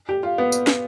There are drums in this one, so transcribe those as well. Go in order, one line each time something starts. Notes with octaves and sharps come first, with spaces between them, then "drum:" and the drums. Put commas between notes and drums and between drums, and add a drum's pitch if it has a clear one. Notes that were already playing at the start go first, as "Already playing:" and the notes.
G4
F4
B3
drum: tambourine
drum: snare